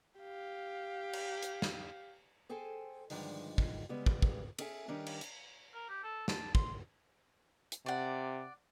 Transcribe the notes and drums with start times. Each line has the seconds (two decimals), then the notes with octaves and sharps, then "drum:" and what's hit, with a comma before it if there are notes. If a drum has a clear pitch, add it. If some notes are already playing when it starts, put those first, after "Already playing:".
0.20 G4 F5
1.13 drum: cymbal
1.43 drum: hi-hat
1.62 drum: snare
2.49 G#4 A4 C5 G5 G#5
3.10 G2 D3 D#3 F3 G#3, drum: open hi-hat
3.58 drum: kick
3.89 C#3 G3 G#3 B3
4.06 drum: kick
4.22 drum: kick
4.58 C#4 G#4 A4 E5 F#5 G#5, drum: cymbal
4.88 D#3 G3 C#4 D4
5.06 drum: cymbal
5.21 drum: hi-hat
5.73 A#4
5.89 G4
6.03 A4
6.28 A5, drum: snare
6.55 C6, drum: kick
7.72 drum: hi-hat
7.86 C3 D5 F#5